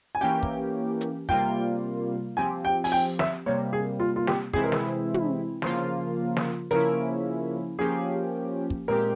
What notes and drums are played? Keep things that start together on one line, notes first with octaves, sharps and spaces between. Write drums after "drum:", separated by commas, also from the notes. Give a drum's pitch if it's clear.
G#5
E3 A#3 C#4 G4 G5
drum: kick
drum: hi-hat
C3 G3 A#3 F4 G5, drum: kick
F3 C4 G4 G#5
G5
G#5, drum: open hi-hat
G5
E5, drum: snare
C3 G3 A#3 C#5
G#4
F4
F4
G4, drum: snare
C3 E3 G#3 C4 E4 G#4, drum: kick
A#4
G#4, drum: snare
drum: tom
C#3 F3 A#3 F4 C5, drum: snare
drum: snare
C#3 F3 A#3 C#4 E4 A#4, drum: hi-hat
F3 A#3 C#4 G4 G#4
drum: kick
A#2 G#3 C4 G4 A#4